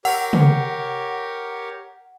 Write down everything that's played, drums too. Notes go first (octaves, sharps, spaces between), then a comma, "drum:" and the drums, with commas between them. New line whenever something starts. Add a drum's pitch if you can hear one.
G4 A#4 C#5 F#5, drum: open hi-hat
drum: tom